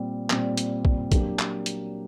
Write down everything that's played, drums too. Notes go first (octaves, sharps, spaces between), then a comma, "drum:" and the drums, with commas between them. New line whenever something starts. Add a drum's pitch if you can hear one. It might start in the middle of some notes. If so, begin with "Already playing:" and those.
Already playing: A#2 G3 C4
A#2 G3 C4, drum: clap
drum: hi-hat
drum: kick
F#3 A#3 D4 G4, drum: kick, hi-hat
drum: clap
drum: hi-hat